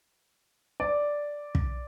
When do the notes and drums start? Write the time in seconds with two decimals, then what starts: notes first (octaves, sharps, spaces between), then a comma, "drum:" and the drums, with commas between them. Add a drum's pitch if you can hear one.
0.80 D5
1.55 drum: kick